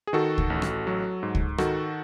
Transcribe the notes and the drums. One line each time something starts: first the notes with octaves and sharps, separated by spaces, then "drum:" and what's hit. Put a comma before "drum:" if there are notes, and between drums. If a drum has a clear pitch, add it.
G#4
D#3 F#4 A4
drum: kick C#2
A1
drum: rim click
F#3
G#2
drum: kick C#2
D#3 F#4 A4, drum: rim click